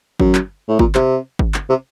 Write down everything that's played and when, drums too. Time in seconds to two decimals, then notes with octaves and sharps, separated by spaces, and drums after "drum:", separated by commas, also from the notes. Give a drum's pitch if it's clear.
0.20 F#2, drum: kick
0.35 drum: clap
0.68 A2
0.79 A#2, drum: kick
0.95 C3, drum: clap
1.39 drum: kick
1.54 drum: clap
1.69 C3